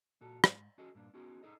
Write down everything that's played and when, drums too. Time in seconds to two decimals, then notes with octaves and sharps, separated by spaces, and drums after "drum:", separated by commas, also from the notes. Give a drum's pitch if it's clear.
0.21 A#2 F#4 A4
0.44 G#2, drum: rim click
0.78 C#4 F#4 G#4 A4 D#5
0.95 G2 A#2 D4
1.14 B3 C#4 D#4 F#4 G#4
1.43 D#4 G#4 A4 D#5